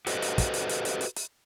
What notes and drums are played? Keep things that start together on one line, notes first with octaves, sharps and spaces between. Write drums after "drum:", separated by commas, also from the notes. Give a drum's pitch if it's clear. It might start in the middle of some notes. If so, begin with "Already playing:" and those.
F#4 G4 A4 B4 C5 D#5, drum: hi-hat
drum: hi-hat
drum: kick, hi-hat
drum: hi-hat
drum: hi-hat
drum: hi-hat
drum: hi-hat
drum: hi-hat